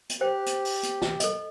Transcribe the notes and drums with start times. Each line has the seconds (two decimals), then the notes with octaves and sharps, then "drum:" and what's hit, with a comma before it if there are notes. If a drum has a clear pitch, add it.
0.10 drum: hi-hat
0.21 G4 C5 G5
0.46 drum: hi-hat
0.65 drum: open hi-hat
0.83 drum: hi-hat
1.02 drum: snare
1.20 A4 D#5, drum: hi-hat